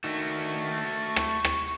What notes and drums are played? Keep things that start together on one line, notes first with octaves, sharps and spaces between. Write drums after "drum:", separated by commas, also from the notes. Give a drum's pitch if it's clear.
D#3 A3 F#4
C#6
drum: rim click
drum: rim click